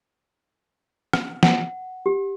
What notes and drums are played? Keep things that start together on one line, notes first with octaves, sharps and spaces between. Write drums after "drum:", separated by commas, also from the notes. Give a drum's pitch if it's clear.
drum: rim click
F#5, drum: snare
G4